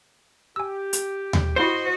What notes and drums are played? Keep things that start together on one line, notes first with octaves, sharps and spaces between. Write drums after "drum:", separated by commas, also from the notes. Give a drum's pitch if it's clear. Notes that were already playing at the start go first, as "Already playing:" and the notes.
G4 G#5 E6
drum: hi-hat
drum: tom D#2
E4 F#4 C5 D#5 C6 G6